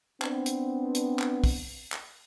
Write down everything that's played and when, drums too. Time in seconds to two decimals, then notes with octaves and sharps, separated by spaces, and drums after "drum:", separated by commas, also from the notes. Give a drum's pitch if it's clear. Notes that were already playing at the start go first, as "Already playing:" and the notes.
0.22 B3 C4 D4, drum: clap
0.46 drum: hi-hat
0.95 drum: hi-hat
1.19 drum: clap
1.44 drum: kick, open hi-hat
1.92 drum: clap